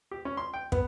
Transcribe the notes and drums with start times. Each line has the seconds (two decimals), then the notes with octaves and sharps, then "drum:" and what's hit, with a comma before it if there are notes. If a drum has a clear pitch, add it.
0.11 G4
0.25 C#4
0.37 C6
0.54 G5
0.72 B3, drum: kick